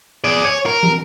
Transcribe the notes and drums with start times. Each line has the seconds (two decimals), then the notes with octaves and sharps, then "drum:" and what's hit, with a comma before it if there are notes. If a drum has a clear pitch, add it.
0.24 G#4 D5
0.45 C#5
0.66 A#4
0.83 drum: tom